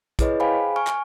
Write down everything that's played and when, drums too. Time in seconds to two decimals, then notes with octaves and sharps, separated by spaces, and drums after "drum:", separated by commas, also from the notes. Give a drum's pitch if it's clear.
0.19 E4 G#4 B4 C#5 D#5, drum: kick, hi-hat
0.40 G#4 C5 F5 G5 G#5 B5
0.76 G#5 C#6 F6
0.87 drum: clap